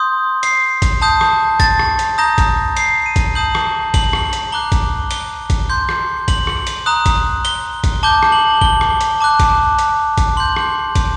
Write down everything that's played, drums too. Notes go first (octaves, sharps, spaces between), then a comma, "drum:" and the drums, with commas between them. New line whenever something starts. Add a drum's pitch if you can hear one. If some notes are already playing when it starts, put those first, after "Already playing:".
Already playing: C6 D#6 G6
C7, drum: hi-hat
drum: kick, hi-hat
A5 D#6 G6
drum: rim click
A6, drum: kick, hi-hat
drum: rim click
drum: hi-hat
A#5 D#6 G6 A#6
drum: kick, hi-hat
C7, drum: hi-hat
D#7
drum: kick, hi-hat
A5 D#6 G6 F#7
drum: rim click
F#7, drum: kick, hi-hat
drum: rim click
drum: hi-hat
A#5 D6 F#6 G7
drum: kick, hi-hat
G7, drum: hi-hat
drum: kick, hi-hat
C6 G6
drum: rim click
F#7, drum: kick, hi-hat
drum: rim click
drum: hi-hat
A#5 D#6 F#6
drum: kick, hi-hat
G7, drum: hi-hat
drum: kick, hi-hat
A5 D6 G6 G7
drum: rim click
F#7
G7, drum: kick
drum: rim click
drum: hi-hat
A5 D6 F#6
drum: kick, hi-hat
drum: hi-hat
drum: kick, hi-hat
C6 G6 F#7
drum: rim click
drum: kick, hi-hat